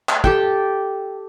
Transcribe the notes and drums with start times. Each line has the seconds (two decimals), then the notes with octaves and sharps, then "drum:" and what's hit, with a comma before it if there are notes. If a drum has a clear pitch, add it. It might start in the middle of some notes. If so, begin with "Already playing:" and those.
0.09 drum: clap
0.24 G4 A4 G5, drum: kick